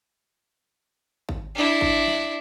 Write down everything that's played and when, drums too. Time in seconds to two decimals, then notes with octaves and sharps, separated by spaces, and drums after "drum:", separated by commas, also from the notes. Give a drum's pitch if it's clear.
1.29 drum: kick G#1
1.55 D4 E4
1.81 drum: kick G#1
2.08 drum: snare